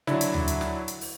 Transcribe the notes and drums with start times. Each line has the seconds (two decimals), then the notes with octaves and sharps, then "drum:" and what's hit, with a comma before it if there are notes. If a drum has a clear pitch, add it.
0.07 D3 F#3 E4, drum: snare
0.21 drum: hi-hat
0.34 drum: tom D2
0.48 drum: hi-hat
0.61 drum: snare
0.88 drum: hi-hat
1.01 drum: open hi-hat